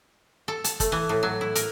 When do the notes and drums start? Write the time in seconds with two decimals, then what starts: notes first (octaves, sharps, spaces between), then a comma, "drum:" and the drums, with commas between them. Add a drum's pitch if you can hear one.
0.48 A4
0.64 A5, drum: hi-hat
0.80 A3, drum: kick F#1, hi-hat
0.92 E3
1.09 A2
1.23 F#3
1.41 E4
1.55 A#4, drum: hi-hat